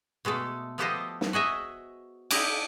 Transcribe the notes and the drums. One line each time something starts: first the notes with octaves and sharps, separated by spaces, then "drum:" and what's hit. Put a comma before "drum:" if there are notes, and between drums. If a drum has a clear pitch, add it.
B2 G#3 A3 A4
F3 B3 G4 A4 C5 D#5
drum: snare
F#4 G#4 D#5 E5
D4 E4 G4 D#5, drum: cymbal